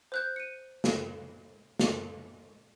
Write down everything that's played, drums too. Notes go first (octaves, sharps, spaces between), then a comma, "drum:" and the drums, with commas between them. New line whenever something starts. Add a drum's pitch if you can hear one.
C5 F#6 G6
C#7 D#7
drum: snare
drum: snare